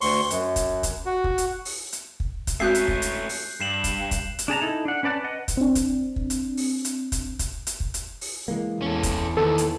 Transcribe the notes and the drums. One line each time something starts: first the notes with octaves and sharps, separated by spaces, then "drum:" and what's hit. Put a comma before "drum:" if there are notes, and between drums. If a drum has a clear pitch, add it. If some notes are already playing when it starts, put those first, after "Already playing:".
D2 C6 C#6, drum: open hi-hat
F#2, drum: hi-hat
drum: kick, hi-hat
drum: kick, hi-hat
F#4
drum: kick
drum: hi-hat
drum: open hi-hat
drum: hi-hat
drum: kick
drum: kick, hi-hat
G#3 A3 C4 C#4 F#4 F#6 G6 C7
drum: hi-hat
drum: kick
drum: hi-hat
drum: open hi-hat
G2 C7 E7 F#7
drum: kick, hi-hat
drum: kick, hi-hat
drum: hi-hat
D4 G#4 A5 A#5
D#4 E4 A4
D4 F#5
C#4 B4 D5 A5 F#6
B4 D#5 F#5
drum: kick, hi-hat
C4 D4
drum: kick, hi-hat
drum: kick
drum: hi-hat
drum: open hi-hat
drum: hi-hat
drum: kick, hi-hat
drum: kick, hi-hat
drum: hi-hat
drum: kick
drum: hi-hat
drum: open hi-hat
E3 G#3 A#3
E2 C#4 A4
drum: kick, hi-hat
D#2 D#3 E3 B3 A4
drum: hi-hat